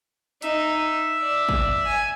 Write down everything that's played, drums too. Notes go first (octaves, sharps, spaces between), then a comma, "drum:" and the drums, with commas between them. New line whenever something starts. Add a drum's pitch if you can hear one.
D#4 E5, drum: hi-hat
D5
drum: kick
G#5